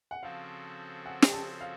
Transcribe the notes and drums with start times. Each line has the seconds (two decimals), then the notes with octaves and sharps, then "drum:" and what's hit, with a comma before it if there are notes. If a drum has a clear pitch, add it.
0.11 F#5
0.22 C#3 F3 C4 F#4 A4 F5
1.06 F#5
1.22 drum: snare
1.33 A5
1.61 F5